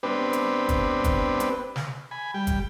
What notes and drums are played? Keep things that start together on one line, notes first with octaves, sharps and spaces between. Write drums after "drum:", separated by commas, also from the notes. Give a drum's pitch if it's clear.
B3 C4 D4 G4 B4
drum: hi-hat
drum: kick, hi-hat
drum: kick, hi-hat
drum: hi-hat
drum: snare
G#5 B5
G3 G5
drum: kick, hi-hat